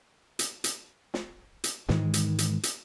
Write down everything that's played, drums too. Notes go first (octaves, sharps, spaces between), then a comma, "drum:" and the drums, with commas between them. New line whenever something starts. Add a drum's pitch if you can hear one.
drum: hi-hat
drum: hi-hat
drum: snare
drum: hi-hat
G#2 D#3 E3 G#3, drum: snare
drum: hi-hat
drum: hi-hat
drum: hi-hat